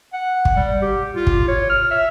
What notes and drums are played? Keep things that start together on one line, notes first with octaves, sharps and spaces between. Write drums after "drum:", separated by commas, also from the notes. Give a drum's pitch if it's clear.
F#5
drum: kick
G3
G4
F4
drum: kick
C#5
F6
E5